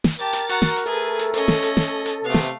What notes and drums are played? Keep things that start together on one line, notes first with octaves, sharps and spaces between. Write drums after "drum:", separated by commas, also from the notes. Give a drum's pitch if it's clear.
drum: snare
G4 A#4 A5 A6
drum: hi-hat
F#4 F#5 A#5, drum: hi-hat
drum: snare
drum: hi-hat
A3 G#4 A4 B4
drum: hi-hat
C#4 A4 D#5, drum: hi-hat
drum: snare
drum: hi-hat
drum: snare
drum: hi-hat
C3 A3 B3 F5
drum: snare